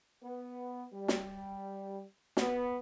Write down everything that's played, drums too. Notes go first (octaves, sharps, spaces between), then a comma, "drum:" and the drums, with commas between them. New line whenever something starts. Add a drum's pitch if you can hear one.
B3
G3
drum: snare
B3, drum: snare